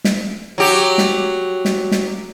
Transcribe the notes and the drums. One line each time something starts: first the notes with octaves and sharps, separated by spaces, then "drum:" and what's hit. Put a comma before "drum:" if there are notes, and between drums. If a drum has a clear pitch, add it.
drum: snare
F#3 G4
drum: snare
drum: snare
drum: snare